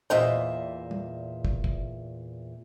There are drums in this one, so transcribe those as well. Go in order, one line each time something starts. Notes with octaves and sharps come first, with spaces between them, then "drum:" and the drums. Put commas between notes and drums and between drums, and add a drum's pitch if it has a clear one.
E2 A#2 C5 D#5 E5
drum: tom
drum: kick
drum: kick